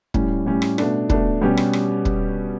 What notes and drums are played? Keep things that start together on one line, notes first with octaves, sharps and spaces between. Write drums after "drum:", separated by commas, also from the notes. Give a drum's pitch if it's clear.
A2 G3 C#4, drum: kick
A2 G3 C#4
drum: rim click
B2 A3 D4, drum: rim click
B2 A3 D4, drum: kick
B2 G3 C#4 G4
drum: rim click
drum: rim click
drum: kick